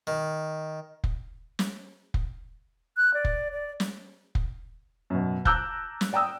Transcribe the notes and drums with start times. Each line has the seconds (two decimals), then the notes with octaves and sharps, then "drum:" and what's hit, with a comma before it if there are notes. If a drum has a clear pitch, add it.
0.07 D#3
1.04 drum: kick F1
1.59 drum: snare
2.14 drum: kick F1
2.97 F#6
3.14 D5
3.25 drum: kick F1
3.52 D5
3.80 drum: snare
4.35 drum: kick F1
5.10 F#2 B2
5.45 A5 A#5 D6 E6 F#6 G6, drum: kick F1
6.01 drum: snare
6.13 D5 G5 A#5 D#6 E6